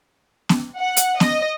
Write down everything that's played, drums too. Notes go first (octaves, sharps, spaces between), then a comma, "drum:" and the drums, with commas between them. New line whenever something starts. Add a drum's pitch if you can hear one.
drum: snare B3
F#5
drum: hi-hat
D#5, drum: snare B3